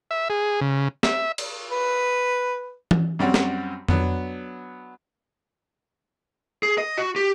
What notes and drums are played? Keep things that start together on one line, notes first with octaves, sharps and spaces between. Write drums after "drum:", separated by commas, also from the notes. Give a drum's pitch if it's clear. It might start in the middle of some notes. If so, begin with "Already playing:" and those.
E5
G#4
C#3
E5, drum: snare
drum: cymbal
B4
drum: tom E3
F#2 G3 C4 F#4 C#5
drum: snare
F#3 B3 D4, drum: tom F2
G#4
D#5
F#4
G4